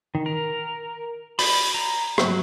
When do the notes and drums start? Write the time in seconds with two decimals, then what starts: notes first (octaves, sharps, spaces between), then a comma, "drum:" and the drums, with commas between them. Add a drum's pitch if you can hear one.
0.15 D#3
0.26 A#4
1.39 B5, drum: open hi-hat
1.74 A#5
2.18 F#3, drum: rim click